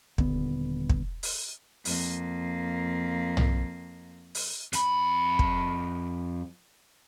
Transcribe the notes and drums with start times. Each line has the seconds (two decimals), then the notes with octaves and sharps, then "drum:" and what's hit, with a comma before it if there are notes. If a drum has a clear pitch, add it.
0.18 D#1 D3 B3, drum: kick
0.90 drum: kick
1.23 drum: open hi-hat
1.85 F2 A#3, drum: open hi-hat
3.37 drum: tom
4.35 drum: open hi-hat
4.73 F2 B5, drum: hi-hat
5.39 drum: kick